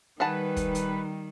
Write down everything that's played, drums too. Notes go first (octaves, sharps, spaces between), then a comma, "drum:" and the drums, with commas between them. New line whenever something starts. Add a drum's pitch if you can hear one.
D#3 G3 G#4 B4 F#5 A5
drum: kick, hi-hat
drum: hi-hat